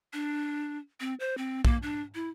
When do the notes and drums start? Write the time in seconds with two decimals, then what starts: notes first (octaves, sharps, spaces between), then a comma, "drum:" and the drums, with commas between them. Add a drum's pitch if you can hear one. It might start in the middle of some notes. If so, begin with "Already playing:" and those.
0.13 D4
1.00 C4
1.20 C5
1.37 C4
1.65 A#3, drum: kick
1.82 D4
2.15 E4